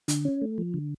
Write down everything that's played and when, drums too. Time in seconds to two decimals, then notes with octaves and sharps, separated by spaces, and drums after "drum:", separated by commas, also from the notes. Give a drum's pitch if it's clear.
0.08 D3, drum: hi-hat
0.25 C#4
0.42 A3
0.58 F3
0.74 D3